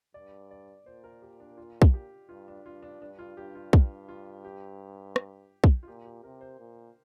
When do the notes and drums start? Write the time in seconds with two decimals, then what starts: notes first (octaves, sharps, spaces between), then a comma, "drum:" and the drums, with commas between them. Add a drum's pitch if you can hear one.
0.14 G2 D5
0.51 D5
0.86 A#2 C5
1.04 A#4
1.22 G4
1.40 D4
1.57 F4
1.82 drum: kick
1.94 G4
2.29 G2 F4
2.48 D4
2.66 G2 F4
2.82 D4
3.01 G2 D4
3.19 F4
3.36 G2 G4
3.55 F4
3.73 G2, drum: kick
4.08 F4
4.45 G4
5.16 drum: rim click
5.64 drum: kick
5.83 F4
5.88 A#2 G4
6.05 G4
6.23 C3 A#4
6.41 C5
6.59 A#2